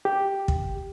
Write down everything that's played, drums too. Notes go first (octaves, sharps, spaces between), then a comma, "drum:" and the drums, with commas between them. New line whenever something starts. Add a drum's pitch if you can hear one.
G4
drum: kick